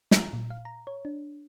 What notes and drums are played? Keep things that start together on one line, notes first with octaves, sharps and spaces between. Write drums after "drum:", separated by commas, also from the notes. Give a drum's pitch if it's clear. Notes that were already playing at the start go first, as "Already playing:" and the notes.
A#5, drum: snare
A#2
F5
A#5
C#5
D4